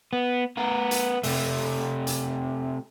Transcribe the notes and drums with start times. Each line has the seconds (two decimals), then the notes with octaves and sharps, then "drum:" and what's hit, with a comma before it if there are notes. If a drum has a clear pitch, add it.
0.13 B3
0.57 B3 A#4
0.91 drum: hi-hat
1.23 C3 A3, drum: open hi-hat
2.07 drum: hi-hat